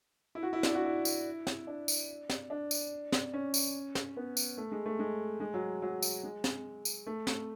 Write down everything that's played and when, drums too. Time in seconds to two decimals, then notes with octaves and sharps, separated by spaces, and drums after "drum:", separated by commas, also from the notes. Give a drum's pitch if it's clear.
0.35 E4
0.43 F#4
0.53 E4
0.63 D4, drum: snare
0.75 F#4
0.84 E4
1.05 drum: tambourine
1.47 drum: snare
1.67 D4
1.88 drum: tambourine
2.30 drum: snare
2.50 D4
2.71 drum: tambourine
3.12 drum: snare
3.33 C#4
3.54 drum: tambourine
3.95 drum: snare
4.17 B3
4.37 drum: tambourine
4.57 A3
4.72 G#3
4.86 A3
4.99 G#3
5.40 G#3
5.54 F#3
5.82 F#3
6.02 drum: tambourine
6.23 G#3
6.44 drum: snare
6.85 drum: tambourine
7.06 A3
7.27 drum: snare